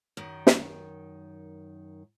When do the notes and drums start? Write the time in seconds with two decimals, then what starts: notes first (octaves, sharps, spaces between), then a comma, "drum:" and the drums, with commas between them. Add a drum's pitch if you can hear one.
0.17 F#2 D#3
0.47 drum: snare